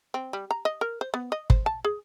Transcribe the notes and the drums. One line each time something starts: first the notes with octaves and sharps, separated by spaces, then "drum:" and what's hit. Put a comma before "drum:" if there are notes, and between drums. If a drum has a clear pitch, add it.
C4
G3
A#5
D#5
A#4
C5
B3
D#5
C5, drum: kick
A5
G#4